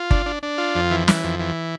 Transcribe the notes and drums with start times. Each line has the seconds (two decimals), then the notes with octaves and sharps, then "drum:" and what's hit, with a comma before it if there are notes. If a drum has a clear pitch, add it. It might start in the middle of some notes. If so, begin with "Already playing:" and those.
Already playing: F4
0.11 D4, drum: kick G1
0.26 D4
0.43 D4
0.58 F4
0.75 F2
0.91 E3
1.08 E3, drum: snare
1.24 F2
1.39 E3